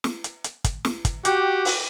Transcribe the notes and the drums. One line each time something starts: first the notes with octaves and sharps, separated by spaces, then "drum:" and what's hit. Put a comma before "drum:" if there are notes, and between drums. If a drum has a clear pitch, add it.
drum: snare
drum: hi-hat
drum: hi-hat
drum: kick, hi-hat
drum: snare
drum: kick, hi-hat
F#4 G4 G5 D6 G6, drum: hi-hat
drum: open hi-hat